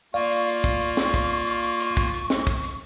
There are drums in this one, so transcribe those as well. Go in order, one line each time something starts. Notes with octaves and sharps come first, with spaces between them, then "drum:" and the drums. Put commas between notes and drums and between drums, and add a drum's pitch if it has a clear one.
A#3 F4 D5 F5 C#6
drum: hi-hat
drum: hi-hat
drum: kick, hi-hat
drum: hi-hat
drum: snare
drum: kick, hi-hat
drum: hi-hat
drum: hi-hat
drum: hi-hat
drum: hi-hat
drum: kick, hi-hat
drum: hi-hat
drum: snare
drum: kick, hi-hat
drum: hi-hat